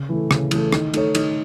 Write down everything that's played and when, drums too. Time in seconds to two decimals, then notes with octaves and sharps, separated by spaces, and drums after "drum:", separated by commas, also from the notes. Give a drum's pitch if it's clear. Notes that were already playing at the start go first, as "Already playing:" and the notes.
Already playing: C#3
0.09 E3 A3
0.31 C#3, drum: rim click
0.51 E3 A3, drum: cymbal
0.72 D#3, drum: rim click
0.94 A3 D#4 A4 C#5, drum: cymbal
1.15 D#3, drum: cymbal